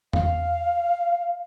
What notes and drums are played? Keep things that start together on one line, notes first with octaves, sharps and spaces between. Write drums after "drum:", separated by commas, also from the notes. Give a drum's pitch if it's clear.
F5, drum: tom E2